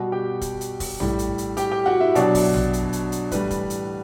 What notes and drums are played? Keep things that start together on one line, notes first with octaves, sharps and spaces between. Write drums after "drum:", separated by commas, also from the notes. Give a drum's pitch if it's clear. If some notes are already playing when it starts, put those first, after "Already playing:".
Already playing: B2 G3 F#4 F#5
G4 G5
drum: kick, hi-hat
drum: hi-hat
drum: kick, open hi-hat
A2 G3, drum: tom A#1
drum: hi-hat
drum: hi-hat
G4 G5, drum: hi-hat
G4 G5
F#4 F#5
E4 E5
B2 F#3 D4 D5, drum: hi-hat
drum: kick, open hi-hat
drum: tom A#1
drum: hi-hat
drum: hi-hat
drum: hi-hat
A2 E3 G3 B4, drum: kick, hi-hat
drum: kick, hi-hat
drum: hi-hat